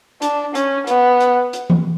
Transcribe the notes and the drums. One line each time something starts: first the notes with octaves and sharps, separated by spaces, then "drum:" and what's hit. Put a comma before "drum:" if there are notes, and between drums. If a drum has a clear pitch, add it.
D4, drum: hi-hat
C#4, drum: hi-hat
B3, drum: hi-hat
drum: hi-hat
drum: hi-hat
drum: tom E3